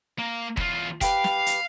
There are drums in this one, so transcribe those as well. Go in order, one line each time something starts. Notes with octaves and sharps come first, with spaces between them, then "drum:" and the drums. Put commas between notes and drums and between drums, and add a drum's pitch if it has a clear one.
A#3
E2 F4, drum: kick F1
G4 B4 F5, drum: kick F1, hi-hat
drum: snare
drum: hi-hat